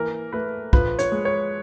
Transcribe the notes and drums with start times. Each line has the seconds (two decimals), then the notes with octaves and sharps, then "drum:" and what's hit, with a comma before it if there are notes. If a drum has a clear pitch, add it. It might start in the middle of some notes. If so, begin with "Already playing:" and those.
Already playing: E3 A#3 A#4
0.33 A3 B4
0.73 F3 B4, drum: kick
0.99 C#5, drum: hi-hat
1.12 G#3
1.25 C#5